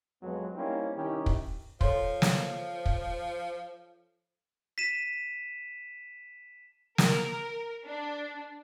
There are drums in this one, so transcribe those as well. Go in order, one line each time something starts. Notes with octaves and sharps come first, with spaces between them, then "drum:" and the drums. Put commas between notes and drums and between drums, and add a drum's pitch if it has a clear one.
F2 F#3 G#3 B3
G3 A#3 C4 C#4 D#4 E4
C2 D#3 C#4 D#4 E4 G4
drum: kick
F3 A4 C#5 C6, drum: kick
drum: snare
drum: kick
B6 D#7 E7
A#4, drum: snare
D4